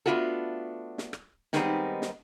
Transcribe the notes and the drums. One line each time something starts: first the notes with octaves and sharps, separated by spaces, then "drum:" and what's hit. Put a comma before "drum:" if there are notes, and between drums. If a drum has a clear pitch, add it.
A3 B3 D4 F4 F#4 A4
drum: snare
drum: rim click
D#3 G3 G#3 B3 C4 D#4, drum: snare
drum: snare